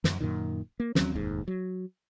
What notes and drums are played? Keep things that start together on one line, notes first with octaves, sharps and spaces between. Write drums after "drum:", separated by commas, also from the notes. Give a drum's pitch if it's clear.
F#2, drum: snare
F#2 A#2 D#3
A#3
D#2 F#3 C4 C#4, drum: snare
F1 D#2 G#2
F#3